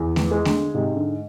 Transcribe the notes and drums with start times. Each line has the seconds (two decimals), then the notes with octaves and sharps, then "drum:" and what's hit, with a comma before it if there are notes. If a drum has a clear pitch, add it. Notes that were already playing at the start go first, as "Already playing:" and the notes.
Already playing: E2
0.16 E3, drum: snare A3
0.31 G#3
0.45 D3, drum: snare A3
0.74 G#2 C3
0.96 D3